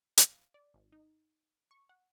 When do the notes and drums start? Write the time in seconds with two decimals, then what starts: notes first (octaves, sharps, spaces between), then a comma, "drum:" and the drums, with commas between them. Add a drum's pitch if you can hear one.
0.18 F5, drum: hi-hat
0.54 D5
0.74 G#1
0.92 D#4
1.71 C#6
1.89 F#5